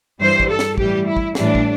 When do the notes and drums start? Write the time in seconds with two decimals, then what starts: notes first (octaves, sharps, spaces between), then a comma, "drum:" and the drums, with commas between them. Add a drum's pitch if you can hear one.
0.21 G2 E3 G3 C5
0.40 drum: kick
0.49 A4
0.59 drum: snare
0.78 A2 E3 G3 G4, drum: kick
1.07 E4
1.17 drum: kick
1.35 A2 E3 G3 D4, drum: snare
1.55 drum: kick